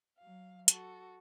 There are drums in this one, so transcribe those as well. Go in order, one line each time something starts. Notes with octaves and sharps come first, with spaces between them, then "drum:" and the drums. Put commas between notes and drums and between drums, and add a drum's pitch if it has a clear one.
F#3 F5
F#4 A4, drum: hi-hat